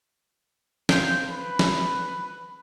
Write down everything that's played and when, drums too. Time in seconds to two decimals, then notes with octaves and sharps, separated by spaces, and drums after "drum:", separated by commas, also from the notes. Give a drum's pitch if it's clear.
0.89 C5 F5 G5, drum: snare
1.29 B4
1.59 drum: snare